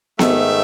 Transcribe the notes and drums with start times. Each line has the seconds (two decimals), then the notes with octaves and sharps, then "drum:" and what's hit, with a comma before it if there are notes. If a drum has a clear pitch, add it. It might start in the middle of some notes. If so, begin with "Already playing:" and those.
0.19 G#2 D#3 A3 E5, drum: snare B3